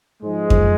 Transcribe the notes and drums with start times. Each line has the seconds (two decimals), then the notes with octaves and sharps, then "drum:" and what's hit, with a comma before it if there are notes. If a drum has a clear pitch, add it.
0.22 G#2 F3 G#3
0.50 drum: kick F2